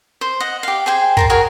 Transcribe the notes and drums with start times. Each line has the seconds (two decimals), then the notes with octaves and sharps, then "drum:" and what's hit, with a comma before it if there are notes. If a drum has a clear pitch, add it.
0.21 C5
0.40 D#5 F#5
0.63 G4 F5
0.86 G#4 C5 G5 G#5
1.17 A#4 C5 A5, drum: kick
1.30 F#4 G#4 A#4 C#5